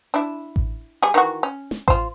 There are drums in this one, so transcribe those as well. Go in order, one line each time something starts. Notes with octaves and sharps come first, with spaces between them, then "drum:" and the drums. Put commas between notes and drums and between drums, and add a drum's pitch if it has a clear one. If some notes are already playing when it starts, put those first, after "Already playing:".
D4 E4
drum: kick A1
G3 G#4
D#3 E3 F#4
C#4
drum: snare
F4 C5, drum: kick A1